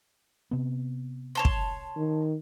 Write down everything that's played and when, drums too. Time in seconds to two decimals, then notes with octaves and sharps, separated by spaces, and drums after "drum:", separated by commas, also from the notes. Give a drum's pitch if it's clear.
0.51 C3 B3
1.35 C#5 A5 C6
1.45 drum: kick
1.96 D#3